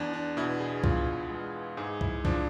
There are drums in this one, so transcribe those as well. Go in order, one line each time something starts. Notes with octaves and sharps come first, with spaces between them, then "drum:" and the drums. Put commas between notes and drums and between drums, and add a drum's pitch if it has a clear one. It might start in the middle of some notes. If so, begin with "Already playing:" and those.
Already playing: E2 D4
D4
B2 E4
G#4
E2 F4, drum: kick
G#3
G#2 G#4
E4, drum: kick
F3 D4, drum: kick